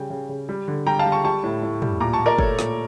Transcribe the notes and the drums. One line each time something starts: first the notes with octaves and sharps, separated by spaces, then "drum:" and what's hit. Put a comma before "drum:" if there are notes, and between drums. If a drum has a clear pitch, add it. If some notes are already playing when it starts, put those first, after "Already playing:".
Already playing: C#3 G3 G5
C#3
C#3
G3
D3
G3 G5 A#5
F5 A5
G3
A5 C#6
G3 A5 C#6
A2
A2
G3, drum: tom
A#2 A#5 D6
A5 C#6
A#2
A#4 D5
A3 A4 C#5, drum: kick
A#2, drum: snare